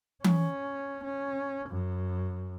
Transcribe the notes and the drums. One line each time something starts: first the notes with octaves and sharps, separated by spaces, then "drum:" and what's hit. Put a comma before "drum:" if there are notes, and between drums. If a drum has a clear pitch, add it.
C#4, drum: tom E3
C#4
F#2